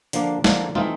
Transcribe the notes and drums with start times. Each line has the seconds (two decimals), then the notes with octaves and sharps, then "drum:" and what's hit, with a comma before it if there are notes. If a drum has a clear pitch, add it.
0.13 D3 F3 A#3 D4, drum: hi-hat
0.44 D3 F3 A#3 D4, drum: snare
0.75 E3 A3 C4 D#4 F4, drum: tom